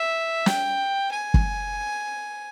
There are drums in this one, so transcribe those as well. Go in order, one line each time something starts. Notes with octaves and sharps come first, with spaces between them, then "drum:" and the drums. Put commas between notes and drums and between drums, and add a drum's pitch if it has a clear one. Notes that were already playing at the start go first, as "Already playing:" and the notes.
Already playing: E5
G5, drum: snare
G#5
drum: kick